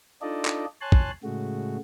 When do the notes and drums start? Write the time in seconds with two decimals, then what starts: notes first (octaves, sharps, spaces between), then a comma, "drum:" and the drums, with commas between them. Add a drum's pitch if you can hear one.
0.22 D4 D#4 F4 A4 D5 D#5
0.45 drum: clap
0.81 C#5 G#5 A5 C6 F#6
0.92 drum: kick
1.23 A2 C#3 G#3 A3 F#4